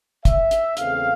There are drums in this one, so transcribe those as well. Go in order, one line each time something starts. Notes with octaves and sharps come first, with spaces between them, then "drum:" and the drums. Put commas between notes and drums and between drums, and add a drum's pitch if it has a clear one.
E5, drum: kick, hi-hat
drum: hi-hat
E2 C#3 E3 A3 C4 F5, drum: hi-hat